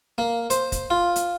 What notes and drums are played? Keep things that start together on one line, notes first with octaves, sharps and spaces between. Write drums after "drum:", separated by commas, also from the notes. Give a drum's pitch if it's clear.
A#3
C5, drum: hi-hat
drum: kick, hi-hat
F4
drum: hi-hat